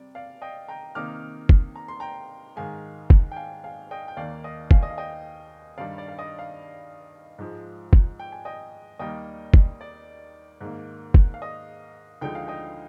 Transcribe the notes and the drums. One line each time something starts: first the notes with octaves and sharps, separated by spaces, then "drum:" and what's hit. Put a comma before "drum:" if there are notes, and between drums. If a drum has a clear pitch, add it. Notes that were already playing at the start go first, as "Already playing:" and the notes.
Already playing: C3 G3 D5
D5 F5
D#5 G5
G5 A#5
C3 D#3 A#3 D#4 D6 F6
drum: kick
A#5
C6
G5 A#5
G#2 D#3 G#3 F5 G#5
drum: kick
G5
F5 G#5
F5 G#5
D#5 G5
G5
D#2 D#3 A#3 D5 F5
D#5
F5 G#5, drum: kick
D#5
F5
D#5 G5
G2 D#3 G3 D5 F5
D5
F5
D#5
D5 F5
G#2 F3 G#3
drum: kick
G5
G#5
D#5 G5
D#2 D#3 G3 A#3 D#5 G5
drum: kick
D5
G#2 D#3 A#3
drum: kick
F5
D#5
D2 D3 F3 G#3 D#4 G5
F5
D#5 G5